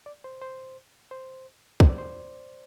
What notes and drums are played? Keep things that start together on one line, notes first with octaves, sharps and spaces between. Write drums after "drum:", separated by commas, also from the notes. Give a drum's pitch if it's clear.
D5
C5
C5
C5
C5, drum: kick
D5
C5